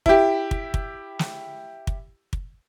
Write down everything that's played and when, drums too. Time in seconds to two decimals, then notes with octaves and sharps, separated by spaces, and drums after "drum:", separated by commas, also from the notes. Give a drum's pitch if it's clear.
0.06 E4 G4, drum: kick
0.51 drum: kick
0.74 drum: kick
1.19 drum: snare
1.87 drum: kick
2.33 drum: kick